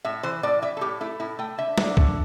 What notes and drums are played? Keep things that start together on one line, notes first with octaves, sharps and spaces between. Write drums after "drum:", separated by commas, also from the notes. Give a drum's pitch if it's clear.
A2 E5
E3 C5
A2 D5
E3 E5
A4
A2 G4
A3 E4
A2 E4
A3 G5
D3 E5
D3, drum: snare
A3, drum: kick C2